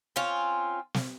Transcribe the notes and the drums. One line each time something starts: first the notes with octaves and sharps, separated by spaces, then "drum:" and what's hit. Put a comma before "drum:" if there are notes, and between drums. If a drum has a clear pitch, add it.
C4 C#4 F4
drum: snare